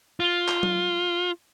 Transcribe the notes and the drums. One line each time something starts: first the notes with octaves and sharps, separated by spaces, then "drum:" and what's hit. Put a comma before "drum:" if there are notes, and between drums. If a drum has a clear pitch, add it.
F4
drum: clap
drum: tom F#3